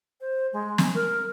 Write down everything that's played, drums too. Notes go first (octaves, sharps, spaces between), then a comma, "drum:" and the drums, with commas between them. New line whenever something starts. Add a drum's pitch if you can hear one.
C5
G#3
drum: snare
A#4